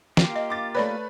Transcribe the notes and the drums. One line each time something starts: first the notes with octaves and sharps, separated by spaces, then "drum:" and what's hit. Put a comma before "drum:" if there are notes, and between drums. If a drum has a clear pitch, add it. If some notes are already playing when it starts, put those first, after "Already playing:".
A#3 F4 G4, drum: snare
D#5
D6 A6
A3 B4 C#5 D5 B5